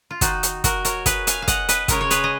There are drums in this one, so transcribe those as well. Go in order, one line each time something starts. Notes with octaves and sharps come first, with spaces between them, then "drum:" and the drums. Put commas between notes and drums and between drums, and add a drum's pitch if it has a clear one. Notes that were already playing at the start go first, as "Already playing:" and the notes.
F4
D#3 A#3 D#4 F#4, drum: kick, hi-hat
drum: hi-hat
F#4 A#4, drum: kick, hi-hat
A#4 C#5, drum: hi-hat
G#4 B4, drum: kick, hi-hat
F5 G#5, drum: hi-hat
F5
D#5 F#5, drum: kick, hi-hat
B4 D#5, drum: hi-hat
C#3 G#3 A#4 C#5, drum: kick, hi-hat
C#5
G#4 B4, drum: hi-hat
D#5